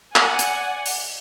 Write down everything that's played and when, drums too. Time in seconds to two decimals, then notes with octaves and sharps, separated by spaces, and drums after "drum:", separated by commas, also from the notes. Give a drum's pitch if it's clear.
0.16 D5 F#5 G#5, drum: clap
0.39 drum: hi-hat
0.86 drum: open hi-hat